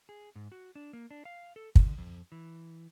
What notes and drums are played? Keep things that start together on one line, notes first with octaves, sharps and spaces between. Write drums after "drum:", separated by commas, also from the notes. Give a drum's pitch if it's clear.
G#4
G#2
F#4
D4
A#3
D4
F5
A4
D3, drum: kick
F2
E3